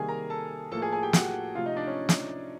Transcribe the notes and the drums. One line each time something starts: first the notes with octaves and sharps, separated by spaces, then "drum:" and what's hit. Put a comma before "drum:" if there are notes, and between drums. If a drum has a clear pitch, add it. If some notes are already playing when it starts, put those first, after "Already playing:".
Already playing: C3 D#3 G3 A#3 G#4 G#5
A#4 A#5
A4 A5
A2 F3 A#3 A4 A5
G#4 G#5
G#4 G#5
G4 G5
F#4 F#5, drum: snare
C3 F3 A3 F4 F5
D#4 D#5
D4 D5
C#4 C#5
drum: snare